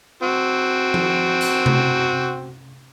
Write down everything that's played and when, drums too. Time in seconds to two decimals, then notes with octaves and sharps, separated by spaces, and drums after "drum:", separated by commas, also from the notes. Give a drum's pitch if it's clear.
0.23 C4 F#4
0.94 drum: tom F3
1.41 drum: hi-hat
1.66 drum: tom C3